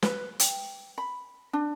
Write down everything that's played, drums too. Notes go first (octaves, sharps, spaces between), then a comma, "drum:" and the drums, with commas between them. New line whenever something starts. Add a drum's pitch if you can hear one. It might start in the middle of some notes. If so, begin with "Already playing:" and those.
B4, drum: snare
G5, drum: hi-hat
B5
D4